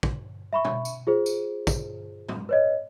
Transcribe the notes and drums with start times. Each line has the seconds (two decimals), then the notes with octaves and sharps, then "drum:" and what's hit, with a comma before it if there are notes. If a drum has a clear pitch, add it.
0.03 drum: kick
0.53 E5 B5 C#6
0.65 drum: tom
0.85 drum: tambourine
1.07 F4 G#4 C5
1.26 drum: tambourine
1.67 drum: kick, tambourine
2.29 drum: tom
2.49 B4 C#5 D#5